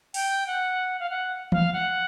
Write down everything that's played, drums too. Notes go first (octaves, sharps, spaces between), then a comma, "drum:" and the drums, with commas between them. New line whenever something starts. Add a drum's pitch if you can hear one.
G5, drum: open hi-hat
F#5
F5
F#5
F5, drum: tom E3
F#5